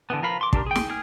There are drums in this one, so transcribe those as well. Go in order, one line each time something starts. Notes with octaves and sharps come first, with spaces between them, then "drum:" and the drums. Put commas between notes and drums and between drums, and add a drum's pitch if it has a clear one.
D3 E3 B3
F3 A#4 F5 B5
C6 D6
D4 G4 A4 A#4, drum: kick
G#4 G5
drum: snare
G#4 F6